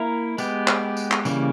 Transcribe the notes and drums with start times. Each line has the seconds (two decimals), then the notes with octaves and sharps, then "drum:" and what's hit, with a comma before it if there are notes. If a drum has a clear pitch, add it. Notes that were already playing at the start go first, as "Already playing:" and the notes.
Already playing: A#3 E4 A#4
0.38 G#3 B3 G4, drum: tambourine
0.67 drum: clap
0.97 drum: tambourine
1.11 drum: clap
1.25 C#3 E3 G3 A#3, drum: tambourine